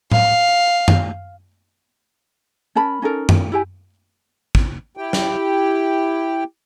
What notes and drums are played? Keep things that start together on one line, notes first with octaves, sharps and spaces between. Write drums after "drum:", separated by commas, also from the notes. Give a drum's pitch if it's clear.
F5, drum: tom A2
drum: tom F#2
C#4 A#4 A5 B5
C#4 D#4 A4 A#4
drum: tom F#2
E4 G4 G#5
drum: kick
E4 G4 G5
drum: snare